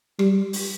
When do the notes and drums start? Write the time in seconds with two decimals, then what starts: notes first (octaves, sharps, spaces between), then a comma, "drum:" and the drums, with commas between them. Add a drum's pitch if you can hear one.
0.19 G3, drum: rim click
0.53 drum: open hi-hat